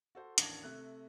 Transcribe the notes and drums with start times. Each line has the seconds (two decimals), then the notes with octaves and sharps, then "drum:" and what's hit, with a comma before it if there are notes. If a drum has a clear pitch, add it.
0.15 F#4 A4 C5
0.38 A1 D#2 D4 A5 G#6 A#6, drum: hi-hat
0.63 C3 A3 F#6